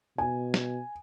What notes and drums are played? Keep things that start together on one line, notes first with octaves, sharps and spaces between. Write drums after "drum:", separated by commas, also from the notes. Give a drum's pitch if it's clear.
B2 G#5
drum: snare